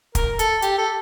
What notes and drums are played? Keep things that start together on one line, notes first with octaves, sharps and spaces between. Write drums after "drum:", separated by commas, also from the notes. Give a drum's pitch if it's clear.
A#4, drum: kick, hi-hat
A4, drum: hi-hat
G4, drum: hi-hat
A4